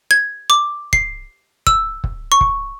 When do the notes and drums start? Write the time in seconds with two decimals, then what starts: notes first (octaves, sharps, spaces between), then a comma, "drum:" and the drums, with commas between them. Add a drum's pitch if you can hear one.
0.11 G#6
0.50 D6
0.93 C7, drum: kick
1.67 E6, drum: kick
2.04 drum: kick
2.32 C#6
2.41 drum: kick